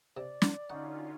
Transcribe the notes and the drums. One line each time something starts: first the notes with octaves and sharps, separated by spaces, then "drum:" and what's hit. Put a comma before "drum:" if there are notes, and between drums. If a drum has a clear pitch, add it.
C3 D5
drum: snare
D3 C#4 D#4 F4 F#4 F#5